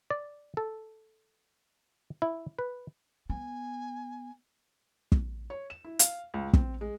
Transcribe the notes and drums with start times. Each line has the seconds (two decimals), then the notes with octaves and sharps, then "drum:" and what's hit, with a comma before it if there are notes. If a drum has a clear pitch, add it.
0.10 D5
0.57 A4
2.22 E4
2.59 B4
3.30 B3 G#5
5.12 drum: kick
5.50 C#5
5.70 E7
5.85 E4
5.99 F5, drum: hi-hat
6.34 C#2
6.53 C4, drum: kick
6.81 G#3